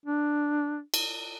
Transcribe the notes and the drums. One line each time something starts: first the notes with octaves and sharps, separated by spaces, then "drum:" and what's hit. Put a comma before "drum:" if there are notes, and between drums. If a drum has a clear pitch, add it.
D4
drum: cymbal